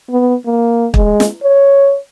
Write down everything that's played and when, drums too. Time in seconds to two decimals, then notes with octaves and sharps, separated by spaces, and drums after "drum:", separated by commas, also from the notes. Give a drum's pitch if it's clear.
0.10 B3
0.46 A#3
0.94 G#3, drum: kick
1.20 drum: snare
1.43 C#5